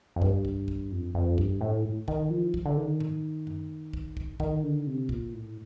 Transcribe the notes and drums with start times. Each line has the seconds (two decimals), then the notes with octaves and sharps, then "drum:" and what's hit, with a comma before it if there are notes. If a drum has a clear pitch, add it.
0.16 F2
0.22 G2, drum: kick
0.45 drum: kick
0.68 drum: kick
0.91 F2
1.15 F2
1.38 G2, drum: kick
1.61 A2
2.08 D#3, drum: kick
2.30 F3
2.54 drum: kick
2.66 D3
2.77 D#3
3.00 drum: tom G2
3.47 drum: tom F#2
3.93 drum: kick
4.17 drum: kick
4.40 D#3, drum: kick
4.63 D3
4.87 C3
5.09 A#2, drum: kick
5.33 A2